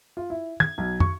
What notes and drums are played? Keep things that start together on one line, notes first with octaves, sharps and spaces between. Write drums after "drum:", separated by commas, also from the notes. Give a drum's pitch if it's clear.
F4
E4
G#6, drum: tom
B1
C#6, drum: tom